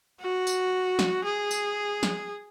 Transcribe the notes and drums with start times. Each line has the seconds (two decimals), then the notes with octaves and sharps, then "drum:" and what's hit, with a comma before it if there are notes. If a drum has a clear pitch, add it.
0.21 F#4
0.47 drum: tambourine
0.99 drum: snare
1.25 G#4
1.51 drum: tambourine
2.03 drum: snare